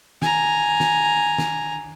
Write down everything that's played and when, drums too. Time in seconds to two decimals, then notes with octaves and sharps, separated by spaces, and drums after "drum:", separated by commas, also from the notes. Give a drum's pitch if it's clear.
0.22 G#5 A#5, drum: snare
0.80 drum: snare
1.38 drum: snare